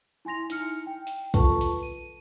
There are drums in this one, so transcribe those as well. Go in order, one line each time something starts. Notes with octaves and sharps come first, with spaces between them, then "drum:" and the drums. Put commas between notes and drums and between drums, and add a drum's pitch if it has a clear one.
E4 G#5 C6 A#6 F7
D#4 E4 F6 C#7, drum: hi-hat
G5
drum: hi-hat
F4 A4 B4 A5 C#6, drum: kick, hi-hat
drum: hi-hat
D#7